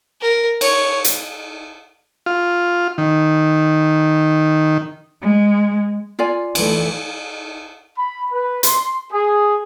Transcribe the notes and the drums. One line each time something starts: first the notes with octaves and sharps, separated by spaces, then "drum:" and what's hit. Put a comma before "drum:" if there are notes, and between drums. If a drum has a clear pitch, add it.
A#4
C#5, drum: cymbal
drum: hi-hat
F4
D#3
G#3
F4 D5 G#5
E3 A3, drum: cymbal
B5
B4
C6, drum: hi-hat
G#4